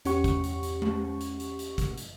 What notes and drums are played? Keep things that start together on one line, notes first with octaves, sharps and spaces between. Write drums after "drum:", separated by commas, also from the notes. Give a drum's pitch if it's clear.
E2 C#4 G4 F#5 C#6, drum: hi-hat
drum: kick, hi-hat
drum: hi-hat
drum: hi-hat
drum: tom G#3
drum: hi-hat
drum: hi-hat
drum: hi-hat
drum: kick, hi-hat
drum: hi-hat